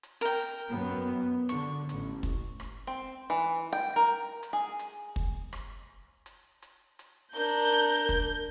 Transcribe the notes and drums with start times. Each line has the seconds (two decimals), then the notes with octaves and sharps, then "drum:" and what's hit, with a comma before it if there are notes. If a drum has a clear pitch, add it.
0.03 drum: hi-hat
0.21 A#4 G5
0.40 drum: hi-hat
0.69 F#2 B3
1.49 D3 C#6, drum: hi-hat
1.89 A1, drum: hi-hat
2.23 drum: kick, hi-hat
2.60 drum: rim click
2.87 C4
3.30 E3
3.73 G5
3.96 A#4
4.06 drum: hi-hat
4.43 drum: hi-hat
4.53 G#4
4.79 drum: hi-hat
5.16 drum: kick
5.53 drum: rim click
6.26 drum: hi-hat
6.62 drum: hi-hat
6.99 drum: hi-hat
7.36 D4 A#4 A#5 G6, drum: hi-hat
7.72 drum: hi-hat
8.09 drum: kick, hi-hat